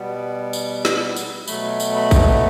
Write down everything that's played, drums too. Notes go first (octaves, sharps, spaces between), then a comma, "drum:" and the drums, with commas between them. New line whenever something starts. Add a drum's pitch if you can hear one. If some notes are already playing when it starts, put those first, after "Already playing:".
Already playing: B2 G3 B3
drum: tambourine
drum: snare
drum: tambourine
B2 F#3 A3 B5, drum: tambourine
drum: tambourine
B5
drum: kick, tambourine